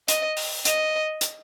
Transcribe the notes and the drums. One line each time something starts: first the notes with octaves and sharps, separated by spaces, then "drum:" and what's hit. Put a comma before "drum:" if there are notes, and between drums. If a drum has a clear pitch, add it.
D#5, drum: hi-hat
drum: open hi-hat
D#5, drum: hi-hat
drum: hi-hat